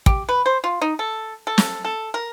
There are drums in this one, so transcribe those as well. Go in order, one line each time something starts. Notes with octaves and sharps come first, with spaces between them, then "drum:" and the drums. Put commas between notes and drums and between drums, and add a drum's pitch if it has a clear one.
G4, drum: kick
B4
C5
F4
D#4
A4
A4
drum: snare
A4
A#4